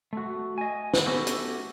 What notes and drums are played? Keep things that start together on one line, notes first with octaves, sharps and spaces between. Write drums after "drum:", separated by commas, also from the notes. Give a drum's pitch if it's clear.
A3 F#4
D#5 G#5
drum: snare
A3 B3 C#4 F#4 G4 A4
drum: hi-hat